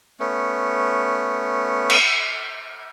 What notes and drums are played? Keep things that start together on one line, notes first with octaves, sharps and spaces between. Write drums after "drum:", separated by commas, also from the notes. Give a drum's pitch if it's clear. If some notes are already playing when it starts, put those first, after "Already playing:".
A3 B3 C#4
drum: cymbal